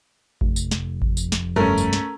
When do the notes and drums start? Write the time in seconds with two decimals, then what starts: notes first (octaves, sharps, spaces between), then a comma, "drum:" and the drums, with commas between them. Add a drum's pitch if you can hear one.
0.41 F1, drum: kick G#1
0.56 drum: tambourine
0.71 drum: snare
1.02 drum: kick G#1
1.17 drum: tambourine
1.32 drum: snare
1.56 C2 G2 A3 C#4 A#4
1.78 drum: tambourine
1.93 drum: snare